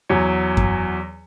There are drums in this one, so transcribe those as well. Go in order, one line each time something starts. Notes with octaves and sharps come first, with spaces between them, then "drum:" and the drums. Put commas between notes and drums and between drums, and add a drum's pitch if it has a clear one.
E2 F#3 C#5
drum: kick F#2